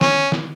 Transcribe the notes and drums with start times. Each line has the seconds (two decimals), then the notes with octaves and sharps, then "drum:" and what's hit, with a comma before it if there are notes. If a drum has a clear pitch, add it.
0.01 C#4, drum: snare
0.32 drum: snare